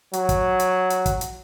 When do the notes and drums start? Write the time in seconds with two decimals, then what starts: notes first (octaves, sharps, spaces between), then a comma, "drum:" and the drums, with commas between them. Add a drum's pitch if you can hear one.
0.13 F#3, drum: hi-hat
0.29 drum: kick, hi-hat
0.60 drum: hi-hat
0.90 drum: hi-hat
1.06 drum: kick, hi-hat
1.21 drum: hi-hat